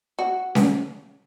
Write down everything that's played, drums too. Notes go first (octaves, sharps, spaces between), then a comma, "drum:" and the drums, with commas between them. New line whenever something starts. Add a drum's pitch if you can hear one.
F#4
drum: snare C#4